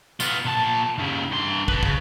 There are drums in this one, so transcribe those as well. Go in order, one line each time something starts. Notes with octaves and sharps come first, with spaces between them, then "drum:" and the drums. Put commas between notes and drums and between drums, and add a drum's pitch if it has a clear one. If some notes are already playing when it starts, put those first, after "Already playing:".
B3 F4, drum: tambourine
A#2 A5
D#2 C#3
G2 C6
B4 A5, drum: kick
C#3, drum: kick